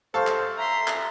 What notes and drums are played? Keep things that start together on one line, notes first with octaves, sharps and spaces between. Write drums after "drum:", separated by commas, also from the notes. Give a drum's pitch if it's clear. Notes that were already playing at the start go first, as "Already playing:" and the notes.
A4 C5 F5 C#6
drum: clap
E5 A#5 C6
drum: clap